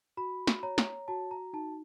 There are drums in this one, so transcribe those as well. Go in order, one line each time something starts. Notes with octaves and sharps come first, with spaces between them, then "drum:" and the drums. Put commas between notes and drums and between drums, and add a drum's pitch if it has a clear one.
F#4 B5
drum: snare
C#5 A#5
drum: snare
F#4 A5
A#5
D#4 A5